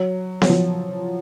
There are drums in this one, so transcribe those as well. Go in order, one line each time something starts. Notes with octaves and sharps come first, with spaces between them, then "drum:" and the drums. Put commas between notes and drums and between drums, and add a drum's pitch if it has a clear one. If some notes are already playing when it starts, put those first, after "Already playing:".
Already playing: F#3
F#3, drum: snare B3
F3